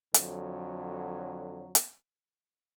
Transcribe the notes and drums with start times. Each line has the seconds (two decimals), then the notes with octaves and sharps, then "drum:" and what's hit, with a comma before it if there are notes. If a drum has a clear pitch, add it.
0.14 F2 D3 F#3, drum: hi-hat
1.75 drum: hi-hat